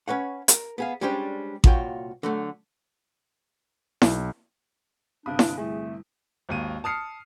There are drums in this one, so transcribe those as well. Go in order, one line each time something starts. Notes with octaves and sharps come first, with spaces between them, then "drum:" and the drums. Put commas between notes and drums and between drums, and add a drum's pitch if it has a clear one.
C#4 B4 C#5 F#5
A#4, drum: hi-hat
B3 G#4 F5
G3 G#3 C#4 D4 G4 C5
C2 A#2 F4 F#4 C#5 G5, drum: kick A1
D3 F#3 A3
B1, drum: snare E4
G1 C3 D4 F5 B5 D#6
drum: snare E4
G3 A3 E4 G#4
G#1 D#2 D#7
A5 D#6 F6 C7 C#7